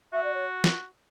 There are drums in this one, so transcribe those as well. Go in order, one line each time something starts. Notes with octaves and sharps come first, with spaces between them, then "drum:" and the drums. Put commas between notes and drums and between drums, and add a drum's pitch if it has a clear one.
F#4 E5
D5
C#5
drum: snare